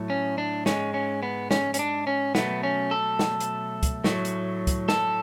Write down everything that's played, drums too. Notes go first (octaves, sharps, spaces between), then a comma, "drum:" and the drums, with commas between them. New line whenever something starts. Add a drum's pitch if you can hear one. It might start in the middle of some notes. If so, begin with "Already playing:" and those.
Already playing: A2 F#3 A3
C#4
D4
G#2 G#3 C#4, drum: snare
C#4
B3
C#4, drum: snare
C#4, drum: hi-hat
D4
C#4
B2 F#3 A3 B3, drum: snare
C#4
A4
drum: snare
drum: hi-hat
drum: kick, hi-hat
A2 F#3 A3, drum: snare
drum: hi-hat
drum: kick, hi-hat
A4, drum: snare